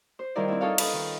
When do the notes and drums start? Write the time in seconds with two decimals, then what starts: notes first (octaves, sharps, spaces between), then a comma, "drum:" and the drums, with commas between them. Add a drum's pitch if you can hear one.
0.19 C5
0.36 D#3 G3 E4 F4 A#4 D5
0.48 C4 E4
0.61 D#4 F4 A4 C#5 F5
0.78 C#4 D#4 A4 B4, drum: cymbal
0.93 D#3